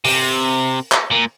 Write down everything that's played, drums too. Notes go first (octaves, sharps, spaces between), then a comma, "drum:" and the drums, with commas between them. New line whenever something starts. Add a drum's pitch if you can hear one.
C3, drum: open hi-hat
drum: clap
A#2